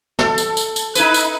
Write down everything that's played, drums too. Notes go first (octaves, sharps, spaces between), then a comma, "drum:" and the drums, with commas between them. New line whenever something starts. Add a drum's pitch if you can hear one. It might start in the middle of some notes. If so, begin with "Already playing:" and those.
A4, drum: snare
drum: tambourine
drum: tambourine
drum: tambourine
D#4 E4 B4, drum: tambourine
drum: tambourine